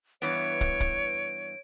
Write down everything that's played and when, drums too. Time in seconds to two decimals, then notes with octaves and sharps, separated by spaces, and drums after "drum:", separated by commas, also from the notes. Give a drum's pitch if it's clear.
0.22 G2 E3 B3 C#5 D7
0.61 drum: kick
0.80 drum: kick